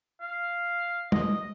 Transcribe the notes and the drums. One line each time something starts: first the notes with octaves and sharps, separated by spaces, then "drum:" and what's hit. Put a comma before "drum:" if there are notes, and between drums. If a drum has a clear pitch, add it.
F5
D#5, drum: tom G3